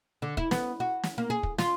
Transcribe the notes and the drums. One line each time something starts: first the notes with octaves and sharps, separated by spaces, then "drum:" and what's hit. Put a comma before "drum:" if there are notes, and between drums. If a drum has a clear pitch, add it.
D3
E4, drum: kick
B3, drum: snare
F#4
drum: snare
A#3
G#4
drum: kick
F4, drum: snare